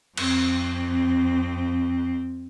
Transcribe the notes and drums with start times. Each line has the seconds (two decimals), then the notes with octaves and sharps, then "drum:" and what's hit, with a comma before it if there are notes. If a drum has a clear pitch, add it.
0.17 F2 C4, drum: cymbal